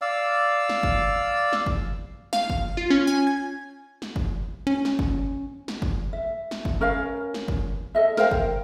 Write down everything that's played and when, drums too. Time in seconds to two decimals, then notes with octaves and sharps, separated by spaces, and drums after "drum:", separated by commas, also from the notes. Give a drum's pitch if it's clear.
0.02 D5 F5 E6
0.69 drum: snare
0.83 drum: kick
1.53 drum: snare
1.66 drum: kick
2.33 F5, drum: snare
2.50 drum: kick
2.77 F4
2.90 C#4
3.07 G#5
3.27 G#6
4.02 drum: snare
4.16 drum: kick
4.67 C#4
4.85 drum: snare
4.99 drum: kick
5.68 drum: snare
5.82 drum: kick
6.13 E5
6.51 drum: snare
6.65 drum: kick
6.81 C#4 A#4 B4 F5
7.34 drum: snare
7.48 drum: kick
7.95 A4 D#5 E5
8.17 A#4 C5 F5 G5, drum: snare
8.31 drum: kick